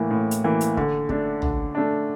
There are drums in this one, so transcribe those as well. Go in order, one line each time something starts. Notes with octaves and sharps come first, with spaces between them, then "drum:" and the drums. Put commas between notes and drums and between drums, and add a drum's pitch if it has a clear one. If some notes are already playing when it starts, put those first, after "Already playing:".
Already playing: A2 E3 A#3
A2
drum: hi-hat
E3 A#3
drum: hi-hat
D3, drum: kick
A3 D4, drum: kick
D3, drum: tom
A3 D4